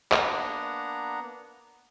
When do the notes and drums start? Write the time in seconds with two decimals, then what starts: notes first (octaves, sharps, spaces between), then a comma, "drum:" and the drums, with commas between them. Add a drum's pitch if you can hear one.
0.12 A#3 B3 D4 F#5 A#5, drum: clap